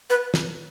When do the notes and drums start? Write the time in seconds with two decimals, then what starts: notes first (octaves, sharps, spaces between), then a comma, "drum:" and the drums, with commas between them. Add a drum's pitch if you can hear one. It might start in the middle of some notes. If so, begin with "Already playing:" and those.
0.10 B4
0.34 drum: snare